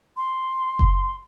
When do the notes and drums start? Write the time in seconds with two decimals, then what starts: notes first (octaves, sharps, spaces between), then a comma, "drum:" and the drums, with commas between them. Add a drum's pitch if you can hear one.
0.17 C6
0.79 drum: kick F#1